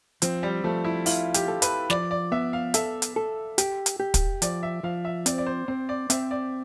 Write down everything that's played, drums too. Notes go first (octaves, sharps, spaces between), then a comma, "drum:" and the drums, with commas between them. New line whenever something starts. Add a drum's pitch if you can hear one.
F3 C4, drum: hi-hat
G3
F3 A3
E4
E4 F4, drum: open hi-hat
G4, drum: hi-hat
A4
B4, drum: hi-hat
F3 D5, drum: snare
D5
B3 E5
F5
A4 E5, drum: hi-hat
drum: hi-hat
A4
G4, drum: hi-hat
drum: hi-hat
G4
drum: kick, hi-hat
F3 D5, drum: hi-hat
E5
F3 F5
E5
C4 D5, drum: hi-hat
D5
C5
C4 C5
D5
C4 E5, drum: hi-hat
D5